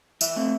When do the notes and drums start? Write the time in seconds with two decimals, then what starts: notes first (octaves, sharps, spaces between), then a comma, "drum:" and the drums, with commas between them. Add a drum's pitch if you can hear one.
0.21 E3 E5, drum: tambourine
0.36 A3 C4